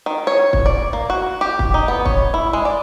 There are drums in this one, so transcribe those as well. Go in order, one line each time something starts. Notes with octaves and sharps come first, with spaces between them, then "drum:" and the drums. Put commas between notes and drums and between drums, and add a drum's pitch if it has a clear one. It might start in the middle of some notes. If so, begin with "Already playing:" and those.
D#3
C#5
drum: kick
D5
A#3
F#4
G4
drum: kick
D#4
B3
C#5, drum: kick
E4
G#3
D5